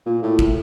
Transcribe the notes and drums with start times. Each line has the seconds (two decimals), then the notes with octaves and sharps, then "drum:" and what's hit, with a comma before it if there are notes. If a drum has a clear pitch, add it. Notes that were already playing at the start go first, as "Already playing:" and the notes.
0.06 A#2
0.23 A2
0.39 drum: kick